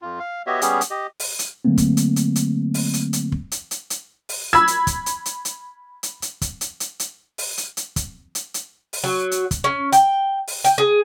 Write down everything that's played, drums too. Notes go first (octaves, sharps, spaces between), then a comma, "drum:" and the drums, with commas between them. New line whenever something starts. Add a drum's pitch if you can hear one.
F2 F4
F5
B3 F#4 G4 C#5 D#5 E5
G3 B3 C#4 G4 G#4, drum: hi-hat
drum: hi-hat
G4 D#5
drum: open hi-hat
drum: hi-hat
D3 F#3 A3 A#3 C4
drum: kick, hi-hat
drum: hi-hat
drum: hi-hat
drum: hi-hat
drum: open hi-hat
drum: hi-hat
drum: hi-hat
drum: kick
drum: hi-hat
drum: hi-hat
drum: hi-hat
drum: open hi-hat
B5 E6 G#6
drum: hi-hat
drum: kick, hi-hat
drum: hi-hat
drum: hi-hat
drum: hi-hat
drum: hi-hat
drum: hi-hat
drum: kick, hi-hat
drum: hi-hat
drum: hi-hat
drum: hi-hat
drum: open hi-hat
drum: hi-hat
drum: hi-hat
drum: kick, hi-hat
drum: hi-hat
drum: hi-hat
drum: open hi-hat
F#3
drum: hi-hat
drum: kick, hi-hat
C#4
G5, drum: hi-hat
drum: open hi-hat
G5, drum: hi-hat
G#4